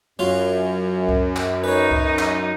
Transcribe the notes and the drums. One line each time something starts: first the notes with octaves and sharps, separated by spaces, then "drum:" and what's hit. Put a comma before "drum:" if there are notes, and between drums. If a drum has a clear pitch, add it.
F#2 F#3 F4 C6
drum: kick C2
drum: clap
D#4 B4 C#5
drum: kick C2
drum: clap